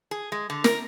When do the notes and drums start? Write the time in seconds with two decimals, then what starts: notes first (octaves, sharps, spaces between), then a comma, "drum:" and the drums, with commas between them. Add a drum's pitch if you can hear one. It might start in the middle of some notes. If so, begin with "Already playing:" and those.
0.11 G#4
0.32 G#3
0.50 D3
0.64 A#4, drum: snare